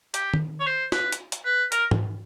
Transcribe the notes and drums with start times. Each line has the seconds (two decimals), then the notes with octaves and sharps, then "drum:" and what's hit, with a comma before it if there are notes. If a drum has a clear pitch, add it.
0.14 G4, drum: hi-hat
0.34 drum: tom D#3
0.60 C#5
0.67 C5
0.92 B4, drum: snare
1.12 drum: hi-hat
1.32 drum: hi-hat
1.45 B4
1.72 A#4, drum: hi-hat
1.91 drum: tom G#2